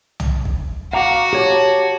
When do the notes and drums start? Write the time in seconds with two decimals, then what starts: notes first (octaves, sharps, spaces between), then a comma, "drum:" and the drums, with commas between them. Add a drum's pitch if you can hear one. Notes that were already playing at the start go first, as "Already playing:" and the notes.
0.20 drum: tom
0.45 drum: kick
0.93 F#4 F5 A#5 D6
1.33 G4 C#5 A5